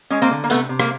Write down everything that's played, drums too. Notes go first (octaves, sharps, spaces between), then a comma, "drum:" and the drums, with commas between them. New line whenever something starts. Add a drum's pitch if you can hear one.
G#3 C#4
A#3 C4
D3
A#3
C3 A3 B3, drum: tambourine
C3
A#3, drum: rim click